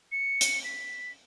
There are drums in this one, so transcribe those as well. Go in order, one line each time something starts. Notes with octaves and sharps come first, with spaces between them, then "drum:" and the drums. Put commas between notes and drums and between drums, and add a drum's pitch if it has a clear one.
C#7
drum: hi-hat
B6